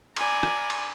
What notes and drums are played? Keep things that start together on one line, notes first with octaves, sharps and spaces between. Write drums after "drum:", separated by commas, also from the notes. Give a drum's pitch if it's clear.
D5 G#5 A#5, drum: cymbal
drum: rim click
drum: cymbal